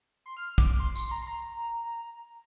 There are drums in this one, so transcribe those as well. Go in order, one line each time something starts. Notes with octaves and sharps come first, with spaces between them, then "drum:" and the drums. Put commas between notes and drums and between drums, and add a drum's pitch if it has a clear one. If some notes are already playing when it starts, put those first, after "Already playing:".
C6
F6
F6
D6, drum: kick
C6
C6, drum: tambourine
A#5
C6
A#5